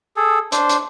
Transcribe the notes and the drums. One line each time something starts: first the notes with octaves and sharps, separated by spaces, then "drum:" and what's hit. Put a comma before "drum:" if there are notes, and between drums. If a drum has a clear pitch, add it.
G#4 A4
D4 C5, drum: hi-hat
drum: hi-hat